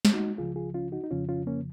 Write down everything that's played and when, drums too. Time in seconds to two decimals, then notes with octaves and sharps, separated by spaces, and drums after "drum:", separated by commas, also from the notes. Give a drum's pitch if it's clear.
0.05 drum: snare
0.14 D#4 F#4
0.38 C#2 C#3 F3 F4 G#4
0.56 F4 G#4
0.74 C#4 F4
0.92 D#4 F#4
1.04 D#4
1.11 F2 C#3 F3 C#4 F4
1.29 C#4 F4
1.47 A#3 C#4